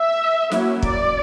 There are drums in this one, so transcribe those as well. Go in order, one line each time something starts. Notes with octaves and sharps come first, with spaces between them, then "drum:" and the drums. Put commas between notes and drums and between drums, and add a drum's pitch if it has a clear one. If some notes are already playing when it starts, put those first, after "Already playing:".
Already playing: E5
F#3 A#3 C#4 E4, drum: snare
D5, drum: kick